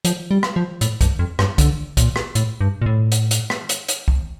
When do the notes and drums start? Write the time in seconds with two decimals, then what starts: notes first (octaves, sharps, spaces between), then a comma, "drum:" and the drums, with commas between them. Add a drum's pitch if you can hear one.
0.05 F3, drum: hi-hat
0.31 G3
0.43 drum: rim click
0.56 F3
0.81 A2, drum: hi-hat
1.01 G2, drum: kick, hi-hat
1.19 F2
1.39 G2, drum: rim click
1.58 D3, drum: kick, hi-hat
1.97 A#2, drum: kick, hi-hat
2.16 drum: rim click
2.35 A2, drum: hi-hat
2.61 G2
2.82 A#2
2.86 A2
3.12 drum: hi-hat
3.31 drum: hi-hat
3.50 drum: rim click
3.69 drum: hi-hat
3.88 drum: hi-hat
4.08 drum: kick